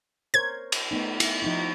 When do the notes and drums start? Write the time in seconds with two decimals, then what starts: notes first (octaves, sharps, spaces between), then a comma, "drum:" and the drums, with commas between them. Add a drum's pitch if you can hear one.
0.34 A#4 C5 C#5 G#6
0.72 drum: cymbal
0.91 A3 B3 D#4
1.20 E4, drum: cymbal
1.42 F3 D#4 E4